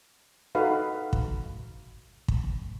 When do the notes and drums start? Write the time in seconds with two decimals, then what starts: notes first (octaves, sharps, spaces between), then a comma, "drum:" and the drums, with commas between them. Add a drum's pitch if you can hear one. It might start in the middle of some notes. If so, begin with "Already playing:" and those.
0.55 D#4 F#4 A4 B4 F5
1.13 drum: kick
2.28 drum: kick